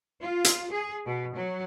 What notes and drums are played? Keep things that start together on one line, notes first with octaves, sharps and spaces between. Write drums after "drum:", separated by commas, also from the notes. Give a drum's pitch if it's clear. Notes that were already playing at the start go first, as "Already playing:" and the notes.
F4
drum: hi-hat
G#4
B2
F#3